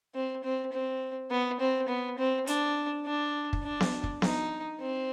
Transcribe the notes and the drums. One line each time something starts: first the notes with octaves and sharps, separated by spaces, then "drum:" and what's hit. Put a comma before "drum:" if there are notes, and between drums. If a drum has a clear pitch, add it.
C4
C4
C4
B3
C4
B3
C4
D4, drum: hi-hat
D4
drum: kick
D4
drum: snare B3
drum: kick
D#4, drum: snare B3
C4